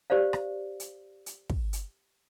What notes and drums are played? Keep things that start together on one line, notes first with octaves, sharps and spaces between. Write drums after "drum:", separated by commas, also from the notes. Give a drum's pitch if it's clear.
G4 C5 D5 F5
drum: rim click
drum: hi-hat
drum: hi-hat
drum: kick
drum: hi-hat